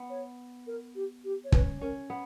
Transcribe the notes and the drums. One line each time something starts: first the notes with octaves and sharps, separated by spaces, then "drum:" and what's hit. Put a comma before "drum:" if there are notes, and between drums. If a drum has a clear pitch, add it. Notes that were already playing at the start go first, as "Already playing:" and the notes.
Already playing: B3
C#5
A#4
G4
G4
C#5
C#4 B4, drum: kick
C#4 A#4
B3